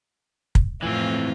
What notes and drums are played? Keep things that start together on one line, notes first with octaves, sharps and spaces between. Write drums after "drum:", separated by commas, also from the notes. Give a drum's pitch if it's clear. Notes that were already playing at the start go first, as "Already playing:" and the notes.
drum: kick
F2 A2 E3 C4 F4